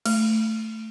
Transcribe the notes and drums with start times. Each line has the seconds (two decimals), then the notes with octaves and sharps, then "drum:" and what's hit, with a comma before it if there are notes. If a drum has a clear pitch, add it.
0.06 A3, drum: cymbal